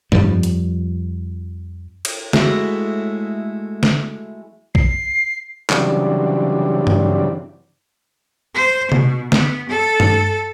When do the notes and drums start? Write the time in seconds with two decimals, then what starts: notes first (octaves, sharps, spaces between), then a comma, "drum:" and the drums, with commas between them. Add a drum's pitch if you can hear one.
0.12 F2 F3 G3, drum: tom G2
0.43 drum: hi-hat
2.05 drum: cymbal
2.33 G#3 A3 E4 F#4, drum: snare
3.83 drum: snare
4.75 C7, drum: kick A#1
5.70 C#3 E3 F#3 G3 C4 D4, drum: clap
6.87 drum: tom G2
8.55 C5
8.92 B2, drum: tom C3
9.32 B3, drum: snare
9.69 A4
10.00 drum: tom G2